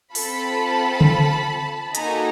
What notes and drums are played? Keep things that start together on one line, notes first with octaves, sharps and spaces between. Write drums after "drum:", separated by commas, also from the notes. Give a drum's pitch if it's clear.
C4 F4 A4 A5 B5, drum: open hi-hat
drum: tom C#3
A#3 D#4 F#4 A4 G#5 A#5, drum: hi-hat